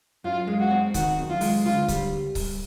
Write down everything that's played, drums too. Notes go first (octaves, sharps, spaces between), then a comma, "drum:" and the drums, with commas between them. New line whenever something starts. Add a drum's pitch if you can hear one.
F#2 F4
G#3
F#4
C4
D#3 F#4, drum: kick C#1, hi-hat
F#2
F4
G#3, drum: open hi-hat
D2 F4
G3, drum: kick C#1, hi-hat
drum: kick C#1, open hi-hat